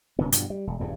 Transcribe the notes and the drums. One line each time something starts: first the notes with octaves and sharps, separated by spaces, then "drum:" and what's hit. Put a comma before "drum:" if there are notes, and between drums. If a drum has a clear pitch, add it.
D1 C#3 B3
G2 B2 F3, drum: hi-hat
G3
E1
D#1 E2 G2